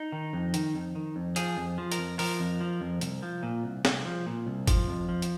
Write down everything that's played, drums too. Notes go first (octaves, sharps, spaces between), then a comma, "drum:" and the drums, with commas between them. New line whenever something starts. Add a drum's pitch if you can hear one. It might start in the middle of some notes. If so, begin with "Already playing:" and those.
Already playing: D#4
D#3
F2
D#3, drum: hi-hat
F2
D#3
F2
F3 G#4, drum: hi-hat
F2
F3
A#4, drum: hi-hat
F2
F3 A#4, drum: open hi-hat
F2
F3
F2
C2, drum: hi-hat
F3
A#2
C2
C2, drum: snare
F3
A#2
C2
F3, drum: kick G1, hi-hat
F2
F3
drum: hi-hat